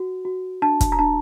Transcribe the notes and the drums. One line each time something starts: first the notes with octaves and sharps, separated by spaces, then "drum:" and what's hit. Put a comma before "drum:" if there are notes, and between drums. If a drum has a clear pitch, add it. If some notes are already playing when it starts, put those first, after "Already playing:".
Already playing: F#4
F#4
D4 A5
drum: kick, hi-hat
A#5
D4 A5